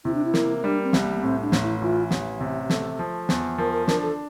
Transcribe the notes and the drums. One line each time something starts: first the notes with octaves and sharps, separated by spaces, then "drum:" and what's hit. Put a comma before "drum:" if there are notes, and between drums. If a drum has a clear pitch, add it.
C3 E4
D4
E4
A#3, drum: snare
G3 D4
C4
C2, drum: snare
A#3
A#3
A2 C4
D4
A1, drum: snare
E4
E3 F4
A1, drum: snare
C3
A3, drum: snare
F3
E2, drum: snare
F3 A#4
A#4
D4 A#4, drum: snare
A4